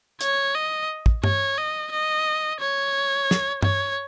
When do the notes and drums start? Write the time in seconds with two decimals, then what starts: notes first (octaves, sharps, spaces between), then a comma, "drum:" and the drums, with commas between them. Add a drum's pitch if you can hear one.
0.21 C#5, drum: hi-hat
0.54 D#5
1.06 drum: kick
1.24 C#5, drum: tom G2
1.57 D#5
1.91 D#5
2.60 C#5
3.31 drum: snare
3.62 C#5, drum: tom G2